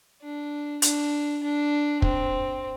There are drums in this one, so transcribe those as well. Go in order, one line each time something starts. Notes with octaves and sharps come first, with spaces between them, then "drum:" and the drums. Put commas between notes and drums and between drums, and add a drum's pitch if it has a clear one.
D4
D4, drum: hi-hat
D4
C4, drum: kick